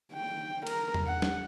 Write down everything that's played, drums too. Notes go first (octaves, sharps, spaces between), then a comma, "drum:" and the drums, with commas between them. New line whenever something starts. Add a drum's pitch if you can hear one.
G5
A#4, drum: cymbal
drum: tom E2
F#5
drum: snare